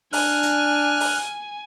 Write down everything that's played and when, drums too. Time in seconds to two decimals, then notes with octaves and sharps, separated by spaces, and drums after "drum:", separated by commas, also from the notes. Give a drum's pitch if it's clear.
0.13 D4 G#5 F6 F#6, drum: open hi-hat
0.43 drum: hi-hat
1.00 drum: open hi-hat